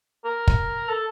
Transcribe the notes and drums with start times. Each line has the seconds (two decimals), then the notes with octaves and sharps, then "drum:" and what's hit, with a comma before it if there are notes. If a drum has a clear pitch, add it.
0.25 A#4
0.47 drum: kick
0.89 A4